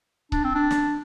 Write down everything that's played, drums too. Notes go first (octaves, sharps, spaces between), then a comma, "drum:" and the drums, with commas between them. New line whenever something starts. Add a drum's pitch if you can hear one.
D4, drum: kick C#1
C4
D4
drum: snare